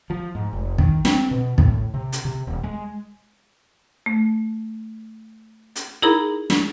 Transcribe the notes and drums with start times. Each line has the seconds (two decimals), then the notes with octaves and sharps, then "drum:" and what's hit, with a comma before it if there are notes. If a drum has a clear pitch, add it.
0.10 F3
0.35 G#2
0.53 F1
0.78 D#3, drum: kick
1.05 C4, drum: snare
1.31 B2
1.58 A2, drum: kick
1.94 C3
2.13 drum: hi-hat
2.25 C3
2.47 D#1
2.63 G#3
4.06 A3
5.76 drum: hi-hat
6.02 D#4 E4 G#4 A#4 A#5 B5
6.50 drum: snare